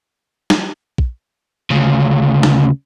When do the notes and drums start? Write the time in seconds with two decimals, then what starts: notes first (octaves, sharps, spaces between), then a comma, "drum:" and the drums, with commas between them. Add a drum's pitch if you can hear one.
0.50 drum: snare
0.98 drum: kick
1.71 D2 C#3
2.43 drum: snare